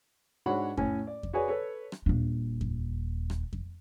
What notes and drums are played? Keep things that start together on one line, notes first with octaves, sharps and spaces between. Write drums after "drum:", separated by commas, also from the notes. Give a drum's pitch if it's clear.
G#2 D4 F#4 C#5 F#5 B5
A2 C#4 G#5, drum: kick F2
D5
drum: kick F2
F#4 G#4 B4 C#5 D5 G#5
A4 B4 C#5
drum: rim click
D#1 D4
drum: kick F2
drum: rim click
drum: kick F2